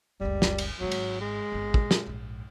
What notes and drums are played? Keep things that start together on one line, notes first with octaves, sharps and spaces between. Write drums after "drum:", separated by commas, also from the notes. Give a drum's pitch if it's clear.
F#1 C#2 G3
drum: snare
drum: cymbal
G#1 G#2 F#3
drum: cymbal
G#3
G1 C4
A#2, drum: kick
drum: snare
A#1 G#2